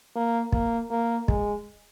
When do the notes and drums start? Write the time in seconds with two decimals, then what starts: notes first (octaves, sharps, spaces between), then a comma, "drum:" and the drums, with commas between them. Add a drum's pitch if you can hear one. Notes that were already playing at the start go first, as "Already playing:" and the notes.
0.16 A#3
0.52 A#3, drum: kick
0.91 A#3
1.28 G#3, drum: kick